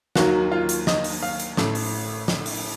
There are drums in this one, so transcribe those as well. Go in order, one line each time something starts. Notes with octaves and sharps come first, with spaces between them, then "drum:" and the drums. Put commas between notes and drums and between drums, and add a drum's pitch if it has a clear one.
D#2 D#3 F#3 A#3 F#4, drum: snare
F4
drum: hi-hat
D#5, drum: snare
drum: open hi-hat
F5
drum: hi-hat
A1 A2 A3, drum: snare
drum: open hi-hat
drum: snare
drum: open hi-hat